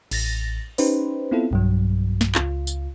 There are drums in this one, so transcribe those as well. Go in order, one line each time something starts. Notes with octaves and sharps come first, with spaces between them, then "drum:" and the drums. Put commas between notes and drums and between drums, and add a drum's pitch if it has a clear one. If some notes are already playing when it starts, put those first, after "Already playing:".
A1 A6 A#6, drum: cymbal
C#4 D#4 G4 B4 C5, drum: open hi-hat
B3 C4 E4 F4 A4
B1 G2 F#3
drum: snare
C#2 F4, drum: clap
drum: tambourine